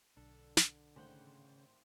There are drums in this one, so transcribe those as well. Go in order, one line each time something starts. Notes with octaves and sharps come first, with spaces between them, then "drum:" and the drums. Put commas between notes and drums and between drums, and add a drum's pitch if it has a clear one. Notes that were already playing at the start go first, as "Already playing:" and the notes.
B1 D3 D4 A4
drum: snare
G#1 A2 C#3 C5 F#5 G5